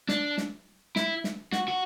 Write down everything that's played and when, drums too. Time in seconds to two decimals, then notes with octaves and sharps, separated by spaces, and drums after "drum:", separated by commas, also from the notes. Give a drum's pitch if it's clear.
0.09 D4, drum: snare
0.38 drum: snare
0.96 E4, drum: snare
1.24 drum: snare
1.52 F#4, drum: snare
1.68 F#4